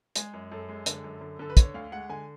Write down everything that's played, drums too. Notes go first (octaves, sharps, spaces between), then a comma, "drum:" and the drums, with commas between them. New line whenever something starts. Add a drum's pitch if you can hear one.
G#3 G#4, drum: hi-hat
F#2
F#2 A4
G#3
D3, drum: hi-hat
F#2
D3
D3 A4
B4
D3 C#5, drum: kick, hi-hat
D2 F5
G#3 F#5
D3 G#5